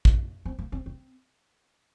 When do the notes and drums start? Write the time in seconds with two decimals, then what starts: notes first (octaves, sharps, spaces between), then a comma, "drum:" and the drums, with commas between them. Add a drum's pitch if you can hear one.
0.05 drum: kick
0.46 C4
0.59 A#3
0.72 C4
0.86 C4